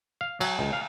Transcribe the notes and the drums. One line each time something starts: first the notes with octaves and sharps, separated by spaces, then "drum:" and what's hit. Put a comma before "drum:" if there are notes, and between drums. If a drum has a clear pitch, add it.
F5
F#3, drum: cymbal
C#2
F5